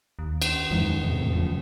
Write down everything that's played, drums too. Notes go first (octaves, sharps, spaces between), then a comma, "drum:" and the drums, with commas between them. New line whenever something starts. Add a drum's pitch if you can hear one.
D#2
drum: cymbal
F2 G#2 D#3 E3
E2 A2 C3
F#2 C#3 F3